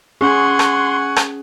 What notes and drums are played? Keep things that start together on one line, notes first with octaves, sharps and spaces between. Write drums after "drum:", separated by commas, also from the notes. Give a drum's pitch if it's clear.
C#4 G#4 F#5 G#5 C6 C#6
drum: rim click
drum: rim click